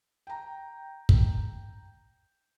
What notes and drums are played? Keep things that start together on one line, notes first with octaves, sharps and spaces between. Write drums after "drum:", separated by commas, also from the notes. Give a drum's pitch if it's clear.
G5 A#5
drum: kick